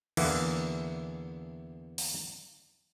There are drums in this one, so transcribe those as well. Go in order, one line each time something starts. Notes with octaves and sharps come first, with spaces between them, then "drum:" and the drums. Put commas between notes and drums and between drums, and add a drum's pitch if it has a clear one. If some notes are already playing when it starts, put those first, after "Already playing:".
E2 D3 E3 A#3, drum: cymbal
drum: open hi-hat